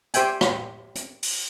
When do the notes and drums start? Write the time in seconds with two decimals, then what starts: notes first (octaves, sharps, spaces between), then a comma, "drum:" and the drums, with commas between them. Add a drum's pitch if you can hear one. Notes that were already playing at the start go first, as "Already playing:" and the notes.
0.14 G4 C5 E5 G5 G#5, drum: hi-hat
0.41 drum: rim click
0.95 drum: hi-hat
1.23 drum: open hi-hat